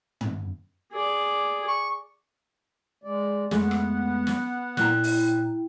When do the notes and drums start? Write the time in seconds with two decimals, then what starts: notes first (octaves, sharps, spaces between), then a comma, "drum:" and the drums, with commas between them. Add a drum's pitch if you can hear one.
0.21 drum: tom
0.92 G#4 D5
1.68 C#6
3.04 G#3 D5
3.51 F2 G#3 A3 B3 F#5, drum: snare
3.71 drum: rim click
4.27 drum: snare
4.77 A#2 E4 G5 A#5 F#6, drum: snare
5.04 drum: open hi-hat